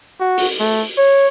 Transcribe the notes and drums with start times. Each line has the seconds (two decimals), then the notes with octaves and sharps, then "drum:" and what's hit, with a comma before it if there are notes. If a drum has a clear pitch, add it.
0.21 F#4
0.38 drum: open hi-hat
0.60 A3
0.98 C#5